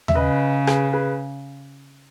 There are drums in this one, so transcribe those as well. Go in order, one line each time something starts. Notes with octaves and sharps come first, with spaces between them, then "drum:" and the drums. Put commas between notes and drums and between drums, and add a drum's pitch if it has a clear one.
E5, drum: tom D#2
C#3 B4 D#5
G#4 B4, drum: rim click
G#4 B4